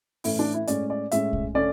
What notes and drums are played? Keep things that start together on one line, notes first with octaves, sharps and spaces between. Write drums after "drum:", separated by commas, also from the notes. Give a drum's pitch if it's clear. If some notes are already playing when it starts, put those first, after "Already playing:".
A2 E3 A3 C#4 E4, drum: open hi-hat
D4
E4
A2 G#3 C#4 D5, drum: hi-hat
D5
A2 G#3 C#4 E5, drum: hi-hat
drum: kick
D3 A3 C#4 D5